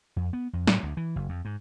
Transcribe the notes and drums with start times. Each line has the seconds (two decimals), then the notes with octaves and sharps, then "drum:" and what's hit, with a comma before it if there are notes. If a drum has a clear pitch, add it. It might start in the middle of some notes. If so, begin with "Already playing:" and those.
0.16 F2
0.33 B3
0.53 F2
0.67 A2, drum: snare
0.83 D2
0.97 E3
1.16 F#1
1.29 F2
1.45 G#2